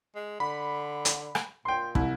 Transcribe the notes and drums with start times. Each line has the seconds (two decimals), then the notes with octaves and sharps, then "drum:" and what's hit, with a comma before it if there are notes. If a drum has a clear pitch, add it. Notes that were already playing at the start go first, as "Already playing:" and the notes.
0.15 G#3
0.40 D3 B5
1.05 drum: hi-hat
1.35 drum: rim click
1.65 A#2 G5 C6
1.95 C2 E4, drum: kick